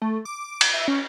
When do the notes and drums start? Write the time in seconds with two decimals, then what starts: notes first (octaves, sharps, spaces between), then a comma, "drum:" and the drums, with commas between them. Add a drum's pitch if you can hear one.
0.02 A3
0.25 D6
0.61 drum: cymbal
0.74 E5
0.88 C#4